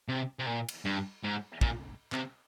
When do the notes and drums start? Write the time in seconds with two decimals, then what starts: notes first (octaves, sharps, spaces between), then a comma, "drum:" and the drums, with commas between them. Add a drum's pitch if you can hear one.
0.08 C3
0.39 C3
0.47 A#2
0.69 drum: cymbal
0.85 G2
1.24 G#2
1.61 A#2, drum: kick
2.12 C3, drum: clap